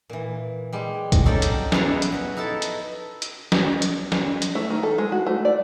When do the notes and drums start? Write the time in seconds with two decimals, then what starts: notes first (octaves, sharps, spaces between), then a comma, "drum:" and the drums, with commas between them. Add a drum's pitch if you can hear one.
0.10 A#2 E3
0.73 G3 G#3
1.12 drum: kick, hi-hat
1.26 F#3 C4 C#4 D#4 A4 D5
1.42 drum: hi-hat
1.72 B3 E4 G#4 F#5 A5 A#5, drum: snare
2.02 drum: hi-hat
2.12 F#4 B4
2.37 D#4 E4 A4 A5
2.62 drum: hi-hat
3.22 drum: hi-hat
3.52 drum: snare
3.82 drum: hi-hat
4.12 drum: snare
4.42 drum: hi-hat
4.55 A3
4.70 D#3
4.83 A4
4.98 G#3
5.12 F#4
5.26 A3
5.45 D5